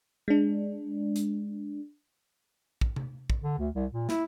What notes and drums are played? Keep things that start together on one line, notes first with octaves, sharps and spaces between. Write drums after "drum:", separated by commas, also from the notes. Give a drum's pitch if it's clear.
G#3 D4
drum: hi-hat
drum: kick
drum: tom C3
drum: kick
D3
D2
C2
A#2
E4, drum: snare